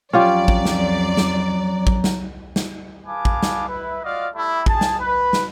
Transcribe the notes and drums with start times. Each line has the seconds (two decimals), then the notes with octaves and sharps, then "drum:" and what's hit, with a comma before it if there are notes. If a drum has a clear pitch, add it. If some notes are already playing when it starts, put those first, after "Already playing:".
0.13 F2 F#3 C#4 F4 G4 D5
0.48 drum: kick
0.65 drum: snare
1.17 drum: snare
1.87 drum: kick
2.04 drum: snare
2.56 drum: snare
3.07 G#4 B4 F5 G#5 A5 D6
3.25 drum: kick
3.43 drum: snare
3.68 E4 B4
4.03 F4 F#4 D5 D#5 F5
4.33 G3 A3 E4
4.66 G#4 A5, drum: kick
4.81 drum: snare
4.99 B4
5.33 drum: snare